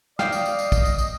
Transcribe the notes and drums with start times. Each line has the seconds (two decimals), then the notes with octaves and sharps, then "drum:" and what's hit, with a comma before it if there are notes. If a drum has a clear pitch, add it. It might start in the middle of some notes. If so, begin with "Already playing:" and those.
0.19 D5 D#5 F5 G5, drum: snare
0.32 drum: tambourine
0.46 drum: tambourine
0.59 drum: tambourine
0.72 drum: kick, tambourine
0.85 drum: tambourine
0.98 drum: tambourine